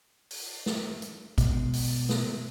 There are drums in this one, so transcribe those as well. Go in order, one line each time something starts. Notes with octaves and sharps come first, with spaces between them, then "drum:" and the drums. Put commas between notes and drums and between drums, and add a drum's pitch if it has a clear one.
drum: open hi-hat
drum: snare
drum: hi-hat
B2 G#3, drum: kick, hi-hat
drum: open hi-hat
drum: snare